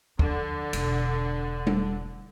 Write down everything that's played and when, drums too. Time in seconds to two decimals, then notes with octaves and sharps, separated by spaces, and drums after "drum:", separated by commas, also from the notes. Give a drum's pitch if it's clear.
0.19 D3 F3, drum: kick
0.73 E1, drum: cymbal
1.67 drum: tom G3